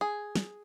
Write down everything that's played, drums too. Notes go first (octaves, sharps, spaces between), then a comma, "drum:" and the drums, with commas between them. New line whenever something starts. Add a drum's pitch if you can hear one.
G#4
drum: snare